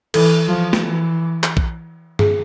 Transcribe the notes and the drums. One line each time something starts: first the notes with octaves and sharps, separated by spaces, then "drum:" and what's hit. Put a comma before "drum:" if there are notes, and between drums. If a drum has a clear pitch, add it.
E3 A4, drum: cymbal
F3
drum: snare
E3
drum: clap
drum: kick A#1
G#4, drum: tom G2